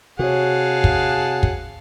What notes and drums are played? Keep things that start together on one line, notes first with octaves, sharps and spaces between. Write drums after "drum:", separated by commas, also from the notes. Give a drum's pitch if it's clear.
C3 F#4 G#4 C#5 F5 F#5 A5
drum: kick
drum: kick